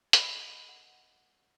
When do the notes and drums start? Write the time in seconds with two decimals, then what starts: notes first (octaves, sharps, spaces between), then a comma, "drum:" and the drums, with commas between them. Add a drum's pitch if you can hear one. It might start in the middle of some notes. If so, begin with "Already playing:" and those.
0.13 G#4 A#4 D#5 G#5 B5 C6, drum: hi-hat
0.69 F#5